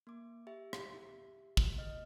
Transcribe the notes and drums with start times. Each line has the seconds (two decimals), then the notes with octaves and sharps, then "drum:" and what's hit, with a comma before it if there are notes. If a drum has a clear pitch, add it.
0.07 A#3 D6
0.47 G4 E5
0.73 drum: rim click
1.57 drum: kick
1.78 D#5 F6